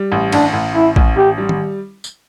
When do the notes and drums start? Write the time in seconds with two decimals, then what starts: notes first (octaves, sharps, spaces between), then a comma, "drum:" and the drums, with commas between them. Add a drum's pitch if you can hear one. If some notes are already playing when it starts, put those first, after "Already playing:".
Already playing: G3
0.12 A1
0.32 A1 D4, drum: cymbal
0.53 A1
0.75 A1 E4
0.96 A1, drum: kick
1.16 A1 G4
1.38 G3
1.49 drum: tom D#3
2.04 drum: tambourine